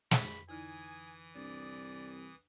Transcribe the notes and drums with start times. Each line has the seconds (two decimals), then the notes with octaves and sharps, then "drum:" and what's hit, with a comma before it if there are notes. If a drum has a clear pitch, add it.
0.11 F2 B5, drum: snare
0.49 D3 E3 D#4 E4 G#5 D#6
1.35 C2 D4 D5